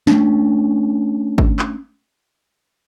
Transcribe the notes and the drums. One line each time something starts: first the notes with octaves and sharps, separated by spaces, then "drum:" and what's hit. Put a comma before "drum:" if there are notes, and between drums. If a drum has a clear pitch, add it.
A3 C#4 D4, drum: snare
drum: kick G#1
drum: clap